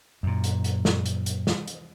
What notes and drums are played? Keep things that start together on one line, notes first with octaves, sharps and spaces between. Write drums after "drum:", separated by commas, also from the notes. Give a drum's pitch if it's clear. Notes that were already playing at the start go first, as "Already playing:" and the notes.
F#2 A#2
drum: hi-hat
drum: hi-hat
drum: snare
drum: hi-hat
drum: hi-hat
drum: snare
drum: hi-hat